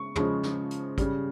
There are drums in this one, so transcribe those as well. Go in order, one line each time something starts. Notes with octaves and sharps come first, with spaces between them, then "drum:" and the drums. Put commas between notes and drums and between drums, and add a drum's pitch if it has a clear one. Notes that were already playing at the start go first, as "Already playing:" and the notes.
Already playing: C#3 G#3 C#6
C#3 F3 G#3, drum: tom
drum: snare
drum: hi-hat
C#3 G3, drum: kick, hi-hat